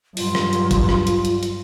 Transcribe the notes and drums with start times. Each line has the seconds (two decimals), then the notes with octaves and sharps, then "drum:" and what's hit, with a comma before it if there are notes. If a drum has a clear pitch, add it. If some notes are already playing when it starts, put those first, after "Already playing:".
0.17 G2 F#3 F4, drum: open hi-hat
0.35 drum: rim click
0.53 drum: hi-hat
0.71 drum: kick A1, hi-hat
0.89 drum: rim click
1.07 drum: hi-hat
1.25 drum: hi-hat
1.43 drum: hi-hat